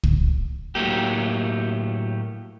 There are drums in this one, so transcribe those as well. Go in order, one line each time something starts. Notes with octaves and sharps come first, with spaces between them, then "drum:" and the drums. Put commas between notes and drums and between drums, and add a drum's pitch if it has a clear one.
drum: kick
A2 F#3 A3 A#3 G4